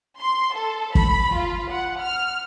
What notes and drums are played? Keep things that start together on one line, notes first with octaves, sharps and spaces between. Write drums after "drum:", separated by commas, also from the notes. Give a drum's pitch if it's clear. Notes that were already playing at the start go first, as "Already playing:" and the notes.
C6
A4
B5, drum: kick
F4
F#5
F6